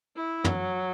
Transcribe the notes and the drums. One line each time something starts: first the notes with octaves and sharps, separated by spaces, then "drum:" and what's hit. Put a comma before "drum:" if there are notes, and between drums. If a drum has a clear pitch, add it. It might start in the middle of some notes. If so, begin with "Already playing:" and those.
E4
F#3, drum: tom